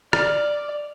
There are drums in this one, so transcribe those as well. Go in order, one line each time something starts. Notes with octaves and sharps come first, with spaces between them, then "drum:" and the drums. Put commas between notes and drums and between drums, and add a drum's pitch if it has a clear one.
D5 F6, drum: rim click